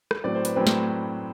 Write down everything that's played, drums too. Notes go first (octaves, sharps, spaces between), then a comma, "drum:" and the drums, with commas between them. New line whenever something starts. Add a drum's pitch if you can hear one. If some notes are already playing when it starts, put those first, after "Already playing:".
drum: rim click
A2 F#3 C4 D5
C5
B4, drum: hi-hat
A2 F#3 C4 B4
C5, drum: snare